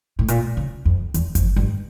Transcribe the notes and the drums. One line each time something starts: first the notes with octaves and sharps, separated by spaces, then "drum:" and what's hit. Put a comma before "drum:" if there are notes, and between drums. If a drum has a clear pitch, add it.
A2
A#2, drum: hi-hat
C#3
F2
E2, drum: hi-hat
F2, drum: kick G1, hi-hat
G2